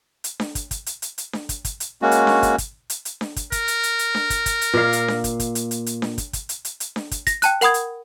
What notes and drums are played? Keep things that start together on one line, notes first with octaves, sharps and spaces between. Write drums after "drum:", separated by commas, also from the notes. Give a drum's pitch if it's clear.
drum: hi-hat
drum: snare D4
drum: kick, hi-hat
drum: kick, hi-hat
drum: hi-hat
drum: hi-hat
drum: hi-hat
drum: snare D4
drum: kick, hi-hat
drum: kick, hi-hat
drum: hi-hat
G#3 A#3 C#4 F#4
drum: hi-hat
drum: snare D4
drum: kick, hi-hat
drum: kick, hi-hat
drum: hi-hat
drum: hi-hat
drum: snare D4
drum: kick, hi-hat
A#4, drum: kick, hi-hat
drum: hi-hat
drum: hi-hat
drum: hi-hat
drum: snare D4
drum: kick, hi-hat
drum: kick, hi-hat
drum: hi-hat
A#2 F5
drum: hi-hat
drum: snare D4
drum: kick, hi-hat
drum: kick, hi-hat
drum: hi-hat
drum: hi-hat
drum: hi-hat
drum: snare D4
drum: kick, hi-hat
drum: kick, hi-hat
drum: hi-hat
drum: hi-hat
drum: hi-hat
drum: snare D4
drum: kick, hi-hat
A#6, drum: kick, hi-hat
G5 A5 F#6, drum: hi-hat
A#4 F#5 B5 D#6 G#6, drum: hi-hat
drum: hi-hat